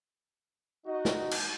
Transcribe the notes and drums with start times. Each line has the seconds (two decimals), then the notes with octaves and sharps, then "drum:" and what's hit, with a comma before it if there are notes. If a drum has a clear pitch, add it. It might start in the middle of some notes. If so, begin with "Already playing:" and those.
0.86 D#4 F#4 D#5
1.05 drum: snare
1.31 drum: cymbal